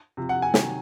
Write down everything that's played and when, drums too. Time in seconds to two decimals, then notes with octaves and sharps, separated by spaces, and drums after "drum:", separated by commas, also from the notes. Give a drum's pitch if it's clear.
0.17 C3 F3
0.29 F#5
0.42 G#5
0.54 C3 D#3 F#3 G#5, drum: snare